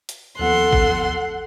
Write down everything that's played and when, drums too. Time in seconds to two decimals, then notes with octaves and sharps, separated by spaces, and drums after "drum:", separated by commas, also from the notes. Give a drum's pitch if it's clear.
0.09 drum: hi-hat
0.39 D#2 F3 B3 A4 F#5 C6
0.73 drum: kick G#1